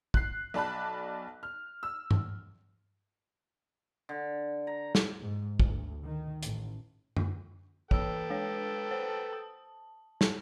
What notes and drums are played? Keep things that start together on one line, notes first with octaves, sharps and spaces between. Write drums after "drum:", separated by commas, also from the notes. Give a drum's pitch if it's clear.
F#6 C7, drum: kick
B1 D5 A5 B5 F#6
F6
E6
drum: tom G2
D3
A#5
drum: snare
G#2
D2, drum: kick
D#3
A1, drum: hi-hat
drum: tom F#2
E3 A4 B4 G5 E6, drum: kick
G#3 C#5
C5
A5
drum: snare